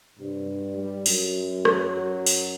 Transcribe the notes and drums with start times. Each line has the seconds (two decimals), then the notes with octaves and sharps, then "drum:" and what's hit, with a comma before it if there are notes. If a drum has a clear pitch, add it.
0.19 G2 C3
0.48 G3
0.77 G3
1.06 F#2 F#3, drum: open hi-hat
1.65 F#3, drum: rim click
1.94 F#2
2.26 drum: open hi-hat